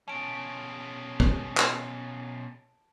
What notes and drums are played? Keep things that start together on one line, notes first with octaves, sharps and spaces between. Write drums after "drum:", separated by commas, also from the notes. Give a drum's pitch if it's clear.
B2 C#4 A5 D7
drum: kick
drum: clap